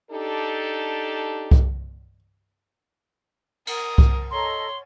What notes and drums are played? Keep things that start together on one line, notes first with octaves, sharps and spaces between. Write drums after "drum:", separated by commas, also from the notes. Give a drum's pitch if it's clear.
D4 D#4 G4 A4
drum: kick C2
A#4 D#6, drum: cymbal
drum: kick C2
A4 C#5 D#5 A#5 C6